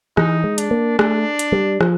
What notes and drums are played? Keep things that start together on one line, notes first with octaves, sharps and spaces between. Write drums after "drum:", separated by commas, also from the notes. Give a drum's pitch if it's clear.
E3 D#4, drum: rim click
G#3
D4, drum: hi-hat
A#3
A3 D4, drum: rim click
drum: hi-hat
G3
F3, drum: rim click